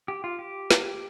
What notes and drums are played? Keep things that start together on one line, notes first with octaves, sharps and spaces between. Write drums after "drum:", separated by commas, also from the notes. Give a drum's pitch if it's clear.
G4
F4
G4
drum: snare